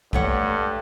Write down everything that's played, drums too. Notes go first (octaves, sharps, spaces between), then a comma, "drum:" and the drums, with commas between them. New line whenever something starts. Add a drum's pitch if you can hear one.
G2 A3 C#5 F#5, drum: kick